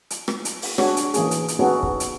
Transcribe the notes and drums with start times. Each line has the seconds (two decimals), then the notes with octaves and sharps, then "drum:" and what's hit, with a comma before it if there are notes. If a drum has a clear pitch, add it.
0.10 drum: hi-hat
0.28 drum: rim click
0.45 drum: hi-hat
0.62 drum: open hi-hat
0.78 D4 F#4 G#4 C#5, drum: rim click
0.97 drum: hi-hat
1.14 E3 A#3 C#4 G#4, drum: hi-hat
1.31 drum: hi-hat
1.48 drum: hi-hat
1.59 B3 C#4 D#4 F#4 G#4 A4
1.83 drum: kick
2.00 drum: hi-hat